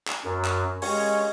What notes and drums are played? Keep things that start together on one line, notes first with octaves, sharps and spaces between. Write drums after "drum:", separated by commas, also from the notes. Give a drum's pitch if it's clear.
drum: clap
F#2 A#4
drum: clap
G#3 C#4 G4 C#5 F5 C#6, drum: open hi-hat